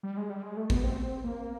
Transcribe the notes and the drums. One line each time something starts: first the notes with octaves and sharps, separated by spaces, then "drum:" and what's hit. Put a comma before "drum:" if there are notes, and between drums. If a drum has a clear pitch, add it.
G3
G#3
G3
G#3
A3
B3, drum: kick G#1
C4
A#3